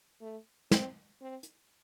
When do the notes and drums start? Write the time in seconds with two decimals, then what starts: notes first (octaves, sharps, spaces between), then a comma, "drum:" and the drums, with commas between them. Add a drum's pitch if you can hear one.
0.21 A3
0.71 C4, drum: snare
1.21 C4
1.43 drum: hi-hat